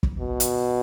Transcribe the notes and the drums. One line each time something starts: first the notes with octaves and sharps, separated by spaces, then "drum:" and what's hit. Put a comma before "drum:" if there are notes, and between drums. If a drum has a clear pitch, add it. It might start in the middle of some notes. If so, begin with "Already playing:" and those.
drum: kick
B2
drum: hi-hat